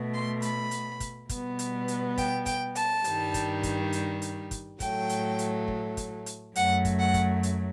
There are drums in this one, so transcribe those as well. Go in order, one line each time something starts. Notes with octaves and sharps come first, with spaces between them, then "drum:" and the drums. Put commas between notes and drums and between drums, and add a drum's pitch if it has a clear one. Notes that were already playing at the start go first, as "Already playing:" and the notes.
Already playing: B2 A3
C6
B5, drum: hi-hat
drum: hi-hat
drum: kick, hi-hat
B2 G3 B3, drum: kick, hi-hat
drum: hi-hat
drum: hi-hat
G5, drum: kick, hi-hat
G5, drum: kick, hi-hat
A5, drum: hi-hat
G2 D#3 G3, drum: hi-hat
drum: kick, hi-hat
drum: kick, hi-hat
drum: hi-hat
drum: hi-hat
drum: kick, hi-hat
A2 F#3 A3 G5, drum: kick, hi-hat
drum: hi-hat
drum: hi-hat
drum: kick
drum: kick, hi-hat
drum: hi-hat
F#2 F#3 A3 F#5, drum: hi-hat
drum: kick, hi-hat
F#5
drum: kick, hi-hat
drum: hi-hat